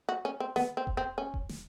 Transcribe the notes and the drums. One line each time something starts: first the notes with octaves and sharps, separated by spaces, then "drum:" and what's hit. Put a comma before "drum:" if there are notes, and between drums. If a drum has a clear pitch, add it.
F#4
C#4
C4
B3, drum: snare
C4
drum: kick E1
C4
C#4
drum: kick E1
drum: snare